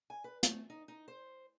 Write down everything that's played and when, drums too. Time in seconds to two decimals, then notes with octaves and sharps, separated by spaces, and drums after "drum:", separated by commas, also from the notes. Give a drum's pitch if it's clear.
0.10 G#5
0.24 B4
0.43 A3, drum: hi-hat
0.70 D#4
0.88 D#4
1.08 C5